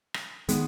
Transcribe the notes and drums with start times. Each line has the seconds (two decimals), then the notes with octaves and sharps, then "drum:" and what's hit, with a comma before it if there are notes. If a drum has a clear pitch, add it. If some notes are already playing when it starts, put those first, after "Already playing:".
0.14 drum: rim click
0.49 D#3 G#3 B3, drum: hi-hat